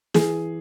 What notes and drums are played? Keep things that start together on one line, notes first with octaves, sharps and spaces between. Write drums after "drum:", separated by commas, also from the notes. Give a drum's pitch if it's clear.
E3 G#4, drum: snare